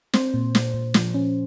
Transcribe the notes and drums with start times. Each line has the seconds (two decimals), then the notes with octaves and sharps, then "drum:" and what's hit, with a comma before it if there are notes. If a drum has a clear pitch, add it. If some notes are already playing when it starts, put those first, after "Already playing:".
0.13 C4 C5, drum: snare
0.34 A#2
0.55 A#2, drum: snare
0.74 A#2
0.94 F3, drum: snare
1.14 C#4